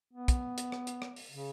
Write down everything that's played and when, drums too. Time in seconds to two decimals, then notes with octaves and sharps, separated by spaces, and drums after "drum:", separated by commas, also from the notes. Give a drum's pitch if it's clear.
0.13 B3
0.28 drum: kick, hi-hat
0.58 drum: hi-hat
0.72 drum: rim click
0.87 drum: hi-hat
1.02 drum: rim click
1.16 drum: open hi-hat
1.31 C#3